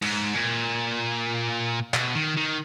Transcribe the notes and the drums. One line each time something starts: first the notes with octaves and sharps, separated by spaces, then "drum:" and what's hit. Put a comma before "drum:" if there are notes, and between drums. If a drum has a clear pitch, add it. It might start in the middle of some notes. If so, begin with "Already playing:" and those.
G#2, drum: cymbal
A#2
B2, drum: clap
D#3
D#3